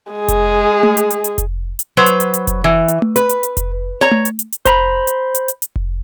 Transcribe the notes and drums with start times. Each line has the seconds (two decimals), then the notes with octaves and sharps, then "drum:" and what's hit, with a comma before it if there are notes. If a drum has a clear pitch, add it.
0.12 G#3 G#4
0.28 drum: kick F1, hi-hat
0.83 drum: tom A3
0.97 drum: hi-hat
1.10 drum: hi-hat
1.24 drum: hi-hat
1.38 drum: kick F1, hi-hat
1.79 drum: hi-hat
1.97 F#3 B4 C5
2.06 drum: hi-hat
2.20 drum: hi-hat
2.34 drum: hi-hat
2.47 drum: kick F1, hi-hat
2.64 E3
2.88 drum: hi-hat
3.02 drum: tom A3
3.16 B4, drum: hi-hat
3.29 drum: hi-hat
3.43 drum: hi-hat
3.57 drum: kick F1, hi-hat
4.01 C#5 A#5
4.11 drum: tom A3
4.25 drum: hi-hat
4.39 drum: hi-hat
4.52 drum: hi-hat
4.65 C5 A#5 B5, drum: kick F1, hi-hat
5.07 drum: hi-hat
5.35 drum: hi-hat
5.48 drum: hi-hat
5.62 drum: hi-hat
5.76 drum: kick F1